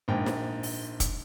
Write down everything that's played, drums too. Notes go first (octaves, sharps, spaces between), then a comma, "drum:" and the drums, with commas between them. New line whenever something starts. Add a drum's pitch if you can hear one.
A#1 G#2 G5
drum: snare
drum: open hi-hat
drum: kick, hi-hat